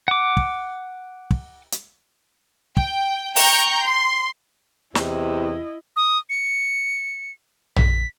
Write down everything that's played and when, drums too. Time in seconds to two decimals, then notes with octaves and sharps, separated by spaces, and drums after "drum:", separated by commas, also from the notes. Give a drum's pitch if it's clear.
0.08 F#5 D6
0.37 drum: kick
1.31 drum: kick
1.72 drum: hi-hat
2.77 G5, drum: kick
3.36 G5 A#5 C#6 G6, drum: open hi-hat
3.82 C6
4.95 E2 C3 E4 D#5, drum: snare
5.96 D#6
6.30 C#7
7.76 B6, drum: tom A#1